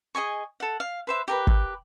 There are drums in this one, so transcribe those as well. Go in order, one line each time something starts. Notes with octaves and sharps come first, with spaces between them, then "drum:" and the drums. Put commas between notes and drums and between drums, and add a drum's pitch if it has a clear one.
G#4 D#5 G#5 C#6
A4 F#5
F5
B4 C5 E5
G4 A#4 B4
drum: kick